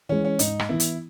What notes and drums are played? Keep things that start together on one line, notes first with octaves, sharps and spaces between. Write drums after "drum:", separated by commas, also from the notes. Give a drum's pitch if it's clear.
E3 G#3 C#4
C#4
G#2 D#4, drum: hi-hat
drum: rim click
E3 B3 E4
drum: hi-hat